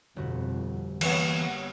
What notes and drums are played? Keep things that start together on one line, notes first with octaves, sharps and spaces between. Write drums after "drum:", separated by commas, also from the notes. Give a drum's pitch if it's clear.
G1 F2 B2 F#4
E3 A#3 B3 C#5 F#5, drum: cymbal